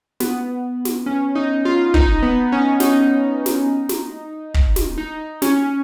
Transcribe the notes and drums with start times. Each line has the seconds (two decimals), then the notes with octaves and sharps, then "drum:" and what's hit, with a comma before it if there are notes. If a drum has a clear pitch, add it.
0.20 B3, drum: snare
0.85 drum: snare
1.06 C#4
1.35 D#4
1.65 F4
1.94 D#4, drum: kick
2.23 B3
2.52 C#4
2.80 D#4, drum: snare
3.46 drum: snare
3.89 drum: snare
4.54 drum: kick
4.76 drum: snare
4.98 D#4
5.42 C#4, drum: snare